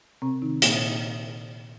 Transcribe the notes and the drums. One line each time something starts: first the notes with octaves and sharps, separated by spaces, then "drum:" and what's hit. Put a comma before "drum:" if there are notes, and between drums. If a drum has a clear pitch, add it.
C3 C4
D#3 D#4
A#2 A#3, drum: hi-hat